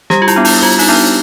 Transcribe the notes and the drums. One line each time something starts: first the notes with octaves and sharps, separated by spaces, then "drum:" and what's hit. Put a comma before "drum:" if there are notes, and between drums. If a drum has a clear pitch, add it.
G3 G4, drum: snare
F4
E4, drum: hi-hat
B3 D4
E4, drum: open hi-hat
G3 F4
D#4, drum: open hi-hat
B3 D4 E4